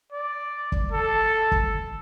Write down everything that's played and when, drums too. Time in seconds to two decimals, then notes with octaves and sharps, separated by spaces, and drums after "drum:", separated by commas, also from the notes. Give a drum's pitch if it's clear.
0.12 D5
0.72 drum: kick
0.92 A4
1.52 drum: kick